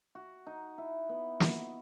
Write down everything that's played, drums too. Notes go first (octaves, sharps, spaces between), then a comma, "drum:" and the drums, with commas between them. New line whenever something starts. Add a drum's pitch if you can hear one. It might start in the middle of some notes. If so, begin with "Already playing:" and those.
F#4
D#4
E4
B3
F#4, drum: snare